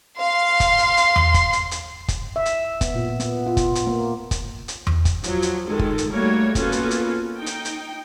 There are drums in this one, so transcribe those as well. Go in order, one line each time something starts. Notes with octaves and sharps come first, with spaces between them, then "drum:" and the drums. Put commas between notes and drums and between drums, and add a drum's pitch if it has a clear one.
F5 C6
drum: kick, hi-hat
drum: hi-hat
drum: hi-hat
drum: tom E2
drum: kick, hi-hat
drum: hi-hat
drum: hi-hat
drum: kick, hi-hat
E5
drum: hi-hat
B3, drum: kick, hi-hat
A#2
B3, drum: hi-hat
F4
drum: kick, hi-hat
drum: hi-hat
A#3
drum: kick, hi-hat
drum: hi-hat
drum: tom E2
drum: kick, hi-hat
F3 F#3, drum: hi-hat
drum: hi-hat
D#3 G#3 A4
drum: kick
drum: hi-hat
G3 A3 A#3 F#4 A#4 C#5
A#3 B3 C#4 F4 F#4 A4, drum: kick, hi-hat
drum: hi-hat
drum: hi-hat
D#4 G5
drum: hi-hat
drum: hi-hat